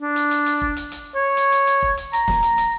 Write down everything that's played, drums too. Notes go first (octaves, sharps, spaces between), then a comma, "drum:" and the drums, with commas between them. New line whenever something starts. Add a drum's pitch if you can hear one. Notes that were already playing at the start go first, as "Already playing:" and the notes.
D4
drum: hi-hat
drum: hi-hat
drum: hi-hat
drum: kick F1
drum: hi-hat
drum: hi-hat
C#5
drum: hi-hat
drum: hi-hat
drum: hi-hat
drum: kick F1
drum: hi-hat
A#5, drum: hi-hat
drum: snare
drum: hi-hat
drum: hi-hat